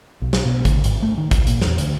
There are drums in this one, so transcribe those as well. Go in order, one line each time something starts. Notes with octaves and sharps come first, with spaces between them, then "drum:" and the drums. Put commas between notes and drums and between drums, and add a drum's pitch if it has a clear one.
B1
drum: snare
B2
D2, drum: kick, hi-hat
G#1, drum: hi-hat
A3
D#3
C2, drum: kick, hi-hat
A#2, drum: hi-hat
E2, drum: snare
D2, drum: hi-hat